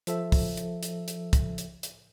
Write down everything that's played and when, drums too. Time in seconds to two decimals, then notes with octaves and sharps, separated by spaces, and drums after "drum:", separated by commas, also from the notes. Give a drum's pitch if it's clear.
0.07 F3 A4 E5, drum: hi-hat
0.32 drum: kick, open hi-hat
0.57 drum: hi-hat
0.83 drum: hi-hat
1.08 drum: hi-hat
1.33 drum: kick, hi-hat
1.58 drum: hi-hat
1.83 drum: hi-hat